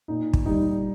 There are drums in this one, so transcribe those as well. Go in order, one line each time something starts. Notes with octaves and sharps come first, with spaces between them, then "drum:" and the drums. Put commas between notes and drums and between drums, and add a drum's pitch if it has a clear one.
A#2 D#4
drum: kick
G3 D#4